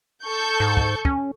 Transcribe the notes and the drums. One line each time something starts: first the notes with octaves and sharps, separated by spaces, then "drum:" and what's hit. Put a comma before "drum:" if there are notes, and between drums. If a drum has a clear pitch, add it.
A4 C#6 G6
G#2
drum: kick
C#4, drum: kick